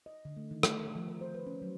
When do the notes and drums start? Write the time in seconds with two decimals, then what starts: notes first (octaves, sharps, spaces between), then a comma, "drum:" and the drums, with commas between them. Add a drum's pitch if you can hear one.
0.06 D#5
0.25 D3
0.37 A3
0.51 D#3
0.63 A3, drum: rim click
0.81 A#4
0.95 F3
1.08 A#4
1.21 C5
1.35 B4
1.47 C#4
1.62 F#3